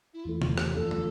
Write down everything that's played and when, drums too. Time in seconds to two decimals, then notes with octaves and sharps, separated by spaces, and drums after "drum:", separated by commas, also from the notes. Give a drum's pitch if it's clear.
0.14 E4
0.24 E2 E3 A3 F4
0.42 F4, drum: tom C3
0.58 G4, drum: rim click
0.74 F2 E3 A3 D4 F4 A4
0.91 drum: tom